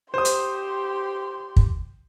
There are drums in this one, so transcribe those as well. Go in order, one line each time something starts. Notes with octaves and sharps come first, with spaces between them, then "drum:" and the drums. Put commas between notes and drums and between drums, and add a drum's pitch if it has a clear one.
G4 C5 C6 D#6
drum: hi-hat
drum: kick